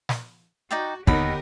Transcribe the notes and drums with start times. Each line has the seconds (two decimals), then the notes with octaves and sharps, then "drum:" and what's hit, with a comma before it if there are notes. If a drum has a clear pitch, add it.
0.09 drum: snare
0.71 D#4 F#4 D5 G5
1.07 D#2 D3 B3 D#4 G4 A#4 F#5 B5, drum: kick